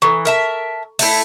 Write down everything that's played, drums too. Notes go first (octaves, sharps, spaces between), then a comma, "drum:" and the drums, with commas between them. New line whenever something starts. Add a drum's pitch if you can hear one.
E3 A4 A#5 C#6
A#4 E5 A5
A3 E4, drum: open hi-hat